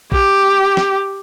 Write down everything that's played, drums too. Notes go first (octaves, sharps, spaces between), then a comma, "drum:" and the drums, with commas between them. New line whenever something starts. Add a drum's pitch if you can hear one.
G4, drum: kick
drum: snare